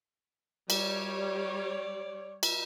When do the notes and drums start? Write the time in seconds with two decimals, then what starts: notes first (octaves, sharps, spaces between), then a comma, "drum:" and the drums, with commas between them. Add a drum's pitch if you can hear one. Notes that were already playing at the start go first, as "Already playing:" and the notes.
0.70 G3 C#5 D5, drum: cymbal
2.43 drum: cymbal